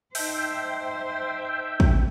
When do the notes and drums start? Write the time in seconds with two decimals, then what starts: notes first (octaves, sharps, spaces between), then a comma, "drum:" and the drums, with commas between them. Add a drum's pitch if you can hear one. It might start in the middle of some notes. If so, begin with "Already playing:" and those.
0.15 D#4 C5 D#5 E5 G5 A5, drum: open hi-hat
1.80 drum: kick